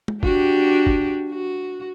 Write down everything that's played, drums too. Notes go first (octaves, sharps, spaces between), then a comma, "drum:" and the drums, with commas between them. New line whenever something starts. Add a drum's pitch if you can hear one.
drum: tom G#3
D4 F#4 G4, drum: kick
drum: kick
F#4